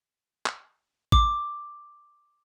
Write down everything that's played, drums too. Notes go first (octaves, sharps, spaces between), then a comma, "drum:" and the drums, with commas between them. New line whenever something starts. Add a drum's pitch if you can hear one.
drum: clap
D6, drum: kick A1